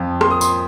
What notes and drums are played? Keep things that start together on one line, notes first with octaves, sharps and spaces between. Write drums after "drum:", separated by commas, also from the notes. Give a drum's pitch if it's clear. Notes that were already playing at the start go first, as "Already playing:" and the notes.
Already playing: F2 F3
A#3 C6, drum: rim click
D#6
C6, drum: tambourine